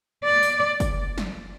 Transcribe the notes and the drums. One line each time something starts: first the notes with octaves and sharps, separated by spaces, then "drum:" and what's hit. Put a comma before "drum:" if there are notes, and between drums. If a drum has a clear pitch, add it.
D5
drum: tambourine
drum: kick, tambourine
drum: snare